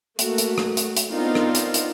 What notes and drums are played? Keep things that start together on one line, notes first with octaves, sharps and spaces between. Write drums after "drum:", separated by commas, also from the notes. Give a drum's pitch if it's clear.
A3 A#3 F#4, drum: hi-hat
drum: hi-hat
drum: rim click
drum: hi-hat
drum: hi-hat
B3 C4 D4 D#4 F4 A#4
drum: rim click
drum: hi-hat
drum: hi-hat